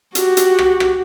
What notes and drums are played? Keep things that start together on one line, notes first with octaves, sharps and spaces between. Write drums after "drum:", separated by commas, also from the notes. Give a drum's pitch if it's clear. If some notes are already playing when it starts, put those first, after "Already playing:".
F#4 G4, drum: hi-hat
drum: hi-hat
drum: rim click
drum: rim click